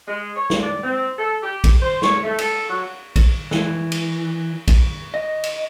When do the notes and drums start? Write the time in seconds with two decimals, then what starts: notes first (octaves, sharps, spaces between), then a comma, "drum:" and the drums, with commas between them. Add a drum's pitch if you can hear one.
0.08 G#3
0.36 C#5
0.50 drum: snare
0.62 D5
0.83 C4
1.18 A4
1.42 G4
1.64 drum: kick, cymbal
1.81 C5
2.02 C#5, drum: snare
2.23 A3
2.38 A4, drum: cymbal
2.68 F#3
3.16 drum: kick, cymbal
3.51 E3, drum: snare
3.92 drum: cymbal
4.68 drum: kick, cymbal
5.14 D#5
5.44 drum: cymbal